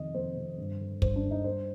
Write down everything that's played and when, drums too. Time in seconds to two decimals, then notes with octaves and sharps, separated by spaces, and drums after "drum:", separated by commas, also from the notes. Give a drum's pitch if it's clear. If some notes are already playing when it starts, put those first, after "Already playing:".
Already playing: F2 C3 D#3 D#5
0.14 F2 C5
0.36 C3 D#3
0.58 G2
0.80 D3
1.02 G2 C5, drum: kick
1.16 D4
1.24 D3
1.31 D#4
1.44 G2 C5